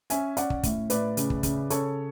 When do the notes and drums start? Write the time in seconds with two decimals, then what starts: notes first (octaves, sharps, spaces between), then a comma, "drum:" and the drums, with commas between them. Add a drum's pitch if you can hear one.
0.10 C#4 E5 G#5, drum: hi-hat
0.37 C#4 D5 F#5, drum: hi-hat
0.50 drum: kick
0.63 A2, drum: kick, hi-hat
0.90 A2 B4 D5, drum: hi-hat
1.17 C#3, drum: hi-hat
1.30 drum: kick
1.43 C#3, drum: kick, hi-hat
1.70 C#3 A4 C#5, drum: hi-hat